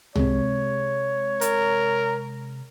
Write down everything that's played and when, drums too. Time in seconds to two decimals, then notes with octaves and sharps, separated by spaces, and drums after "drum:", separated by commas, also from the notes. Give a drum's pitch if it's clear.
0.16 C3 G#3 C#5, drum: tom
1.41 A#4, drum: hi-hat